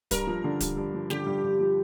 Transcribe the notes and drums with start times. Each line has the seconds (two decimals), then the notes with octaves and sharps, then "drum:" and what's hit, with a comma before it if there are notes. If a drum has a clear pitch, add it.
0.11 G2 A#4, drum: kick D1, hi-hat
0.27 F3
0.44 D3
0.60 G2, drum: kick D1, hi-hat
0.77 G2
0.94 F3
1.10 D3 G4, drum: snare
1.26 G2
1.43 G2
1.60 F3